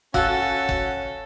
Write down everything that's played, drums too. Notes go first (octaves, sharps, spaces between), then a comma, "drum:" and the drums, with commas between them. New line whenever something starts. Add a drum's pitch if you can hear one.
C#4 F#4 A4 F5 E6 F#6, drum: kick
drum: kick